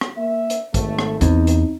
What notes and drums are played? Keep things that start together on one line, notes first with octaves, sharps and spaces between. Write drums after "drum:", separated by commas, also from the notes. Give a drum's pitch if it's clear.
drum: rim click
A#3 E5
drum: hi-hat
G#1 A3, drum: kick A#1, hi-hat
drum: rim click
E2 C4 D#4, drum: kick A#1, hi-hat
drum: hi-hat